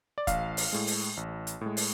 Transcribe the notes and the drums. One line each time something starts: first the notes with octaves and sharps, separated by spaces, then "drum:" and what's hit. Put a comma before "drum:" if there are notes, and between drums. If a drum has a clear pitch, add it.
D5
A1 F5, drum: kick, hi-hat
drum: open hi-hat
A2 G#3
drum: open hi-hat
A1
drum: hi-hat
A2 G#3
drum: open hi-hat